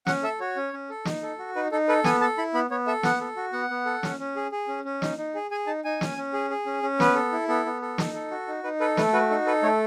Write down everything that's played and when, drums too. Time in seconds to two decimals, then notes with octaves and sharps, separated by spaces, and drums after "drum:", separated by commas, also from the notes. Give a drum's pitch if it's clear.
0.06 C#4 F#5, drum: snare
0.23 A4 E5
0.40 F#4 C#5
0.57 C#4
0.73 C#4
0.90 A4
1.05 D#4, drum: snare
1.23 A4
1.39 F#4
1.56 D#4 B4
1.72 D#4 A4
1.88 A4 B4
2.04 B3 G#5, drum: snare
2.21 A4 A5
2.38 E4 B5
2.54 B3 B5
2.70 B3 C#5
2.87 A4 E5
3.03 B3 F#5, drum: snare
3.21 A4
3.37 F#4
3.53 B3 F#5
3.70 B3
3.86 A4
4.03 C#4, drum: snare
4.19 C#4
4.36 G#4
4.52 G#4
4.68 C#4
4.85 C#4
5.02 D#4, drum: snare
5.18 D#4
5.35 G#4
5.51 G#4 G#5
5.67 D#4 A5
5.85 D#4 G#5
6.01 C#4, drum: snare
6.17 C#4
6.33 G#4
6.50 G#4
6.66 C#4
6.83 C#4
7.00 B3 B4, drum: snare
7.15 A4
7.32 E4
7.48 B3 A4
7.66 B3
7.82 A4
7.98 D#4, drum: snare
8.14 A4
8.31 F#4
8.48 D#4
8.64 D#4 B4
8.80 A4 B4
8.97 A3 B4, drum: snare
9.13 F#4 B4
9.30 D#4 A4
9.46 A4 B4
9.63 A3 C#5